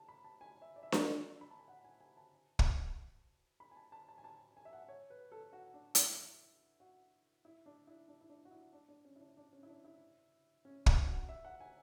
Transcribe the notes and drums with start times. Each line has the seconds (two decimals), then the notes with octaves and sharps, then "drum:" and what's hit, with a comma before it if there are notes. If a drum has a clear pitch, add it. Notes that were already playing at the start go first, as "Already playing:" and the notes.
Already playing: A5
0.08 B5
0.25 A5
0.41 G#5
0.62 E5
0.76 D5
0.83 E5
0.92 drum: snare D4
1.41 B5
1.51 A5
1.59 G#5
1.68 F#5
1.84 G#5
2.00 G#5
2.17 A5
2.59 drum: kick
3.60 B5
3.71 G#5
3.76 A5
3.92 A5
4.08 A5
4.18 G#5
4.24 A5
4.57 G#5
4.65 E5
4.73 F#5
4.89 C#5
5.10 B4
5.32 A4
5.53 F#4
5.74 D4
5.95 E4, drum: hi-hat
6.80 F#4
7.45 E4
7.66 D4
7.87 E4
8.08 D4
8.21 E4
8.29 D4
8.45 F#4
8.51 E4
8.73 D4
8.88 D4
9.05 C#4
9.16 E4
9.21 D4
9.37 D4
9.53 C#4
9.63 E4
9.69 D4
9.84 E4
10.65 C#4
10.86 D4, drum: kick
11.07 F#4
11.29 E5
11.45 F#5
11.60 G#5